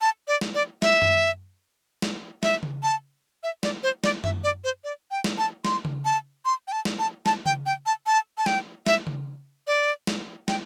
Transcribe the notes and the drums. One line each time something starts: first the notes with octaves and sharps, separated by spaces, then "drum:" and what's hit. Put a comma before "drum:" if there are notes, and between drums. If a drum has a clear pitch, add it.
A5
D5
drum: snare
D5
E5, drum: snare
drum: tom F#2
drum: snare
E5, drum: snare
drum: tom C#3
A5
E5
D5, drum: snare
C5
D5, drum: snare
E5, drum: tom F#2
D5
C5
D5
G5
drum: snare
A5
C6, drum: snare
drum: tom C#3
A5
C6
G5
A5
drum: snare
A5
A5, drum: snare
G5, drum: tom C#3
G5
A5
A5
A5
G5, drum: snare
E5, drum: snare
drum: tom C#3
D5
drum: snare
G5, drum: snare